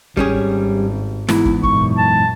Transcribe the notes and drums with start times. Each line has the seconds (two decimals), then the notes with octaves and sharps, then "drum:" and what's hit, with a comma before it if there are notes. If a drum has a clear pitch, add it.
0.17 G#1 G3 C#4 G#4, drum: kick
1.28 E2 G#2 E4, drum: snare
1.45 drum: kick
1.63 F#2 A#2 C#6, drum: kick
1.97 A5